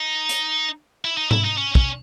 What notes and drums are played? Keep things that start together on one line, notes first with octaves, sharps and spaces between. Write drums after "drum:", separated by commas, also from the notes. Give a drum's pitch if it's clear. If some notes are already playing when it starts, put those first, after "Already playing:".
Already playing: D#4
drum: hi-hat
E4
D#4
E4, drum: tom G#2
D#4
C#4
C#4, drum: kick